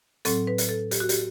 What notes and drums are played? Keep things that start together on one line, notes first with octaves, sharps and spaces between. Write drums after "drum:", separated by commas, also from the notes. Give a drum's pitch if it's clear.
A2 F#3 C4 A4, drum: hi-hat
B4
drum: hi-hat
A4
G4, drum: hi-hat
F#4
G4, drum: hi-hat